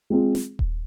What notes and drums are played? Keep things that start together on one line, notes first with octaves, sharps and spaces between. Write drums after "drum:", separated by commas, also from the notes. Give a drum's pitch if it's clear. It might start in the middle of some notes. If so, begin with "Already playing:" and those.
G#3 C4 F4 G#4
drum: snare
drum: kick D#1